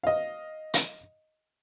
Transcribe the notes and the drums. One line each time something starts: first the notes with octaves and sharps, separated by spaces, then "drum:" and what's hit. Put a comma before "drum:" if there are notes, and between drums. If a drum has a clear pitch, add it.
D#5 F5
drum: hi-hat